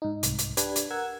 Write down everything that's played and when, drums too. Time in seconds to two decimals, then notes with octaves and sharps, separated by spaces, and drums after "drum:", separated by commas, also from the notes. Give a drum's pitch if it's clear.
0.02 G#2 D#4
0.23 C2 G#2, drum: hi-hat
0.38 drum: hi-hat
0.57 D4 G4 B4 G#6, drum: hi-hat
0.76 drum: hi-hat
0.90 A#4 F#5 E6 G#6